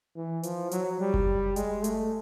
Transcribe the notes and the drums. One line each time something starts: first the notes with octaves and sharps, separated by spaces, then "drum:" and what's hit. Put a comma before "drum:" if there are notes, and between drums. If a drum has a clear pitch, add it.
E3
F3, drum: hi-hat
F#3, drum: hi-hat
G3
drum: kick F#1
G#3, drum: hi-hat
A3, drum: hi-hat